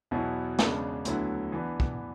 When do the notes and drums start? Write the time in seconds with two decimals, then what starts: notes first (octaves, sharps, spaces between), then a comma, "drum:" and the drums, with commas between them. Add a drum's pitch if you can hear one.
0.11 E2 B2 F#3 B3 E4
0.59 E2 C#3 G#3 B3 D4, drum: snare
1.05 D2 D3 F#3 B3 E4, drum: hi-hat
1.52 E3 B3 D4
1.80 drum: kick